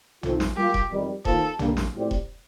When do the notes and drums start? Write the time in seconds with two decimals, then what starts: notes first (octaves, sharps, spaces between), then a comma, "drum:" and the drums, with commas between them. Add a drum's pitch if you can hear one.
0.23 D#3 A3 C4 F4, drum: tom
0.40 drum: snare
0.56 G3 A#3 F4 G4
0.74 drum: kick E1
0.91 F2 D#3 G3
1.25 D#3 A#3 F4 A4 C5, drum: kick E1
1.59 D3 G3 A#3, drum: tom
1.77 drum: snare
1.93 A2 F3 C4 G4 D5
2.11 drum: kick E1